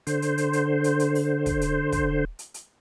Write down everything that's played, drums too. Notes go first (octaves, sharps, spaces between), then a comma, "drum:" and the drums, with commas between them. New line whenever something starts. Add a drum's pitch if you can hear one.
D3 C5, drum: hi-hat
drum: hi-hat
drum: hi-hat
drum: hi-hat
drum: hi-hat
drum: hi-hat
drum: open hi-hat
drum: kick, hi-hat
drum: hi-hat
drum: kick, hi-hat
drum: hi-hat
drum: hi-hat